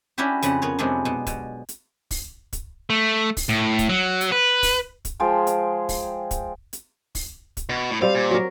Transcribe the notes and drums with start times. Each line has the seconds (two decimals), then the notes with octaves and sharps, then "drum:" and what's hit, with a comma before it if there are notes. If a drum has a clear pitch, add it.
0.18 C#4 D4 E4 F#4 G4
0.42 F2 C#3 B4 F#5, drum: hi-hat
0.62 B3 A#4 C#5
0.79 F2 C3 F#3 G#3 B3 D4
1.05 B2
1.27 B2, drum: kick, hi-hat
1.69 drum: hi-hat
2.11 drum: kick, open hi-hat
2.53 drum: kick, hi-hat
2.90 A3
3.37 drum: kick, open hi-hat
3.49 A2
3.79 drum: kick, hi-hat
3.89 F#3
4.21 drum: hi-hat
4.32 B4
4.63 drum: kick, open hi-hat
5.05 drum: kick, hi-hat
5.20 F3 G#3 G#4 G5
5.47 drum: hi-hat
5.89 drum: kick, open hi-hat
6.31 drum: kick, hi-hat
6.73 drum: hi-hat
7.15 drum: kick, open hi-hat
7.57 drum: kick, hi-hat
7.69 B2
7.91 A2
8.02 G3 C4 F5
8.15 A#2
8.31 F#3 A#4